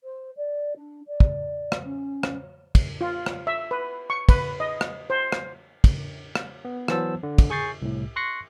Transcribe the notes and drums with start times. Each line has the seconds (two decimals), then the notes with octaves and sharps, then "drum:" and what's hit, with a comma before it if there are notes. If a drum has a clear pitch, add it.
0.03 C5
0.36 D5
0.76 D4
1.07 D5
1.20 drum: kick
1.72 drum: rim click
1.84 C#4
2.23 drum: rim click
2.75 drum: kick, cymbal
3.01 F4
3.26 drum: rim click
3.47 E5
3.71 B4
4.10 C#6
4.29 B4, drum: kick, cymbal
4.60 D#5
4.81 drum: rim click
5.10 C5
5.32 drum: rim click
5.84 drum: kick, cymbal
6.35 drum: rim click
6.65 B3
6.88 E3 F#3 B3 C5 A5 E6, drum: rim click
7.23 D3
7.38 drum: kick, cymbal
7.50 G#4 G#5 C#6 G6 A6 C7
7.82 C2 A2
8.16 C6 C#6 F#6 A#6 C7 C#7